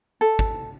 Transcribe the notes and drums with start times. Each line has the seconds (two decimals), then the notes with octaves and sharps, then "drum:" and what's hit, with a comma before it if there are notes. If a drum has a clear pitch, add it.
0.21 A4
0.39 drum: kick